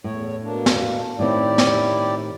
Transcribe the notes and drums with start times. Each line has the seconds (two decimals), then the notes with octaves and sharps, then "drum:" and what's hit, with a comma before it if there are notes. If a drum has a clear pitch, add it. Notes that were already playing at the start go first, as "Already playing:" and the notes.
0.04 E2 A2 C#5
0.43 B2 A#3 D4
0.66 drum: snare
1.19 A2 D#3 C4 E4 G4 D5
1.58 drum: snare